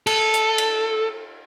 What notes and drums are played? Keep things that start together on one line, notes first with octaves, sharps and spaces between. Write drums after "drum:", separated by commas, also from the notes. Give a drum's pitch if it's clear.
A4, drum: cymbal
drum: hi-hat
drum: cymbal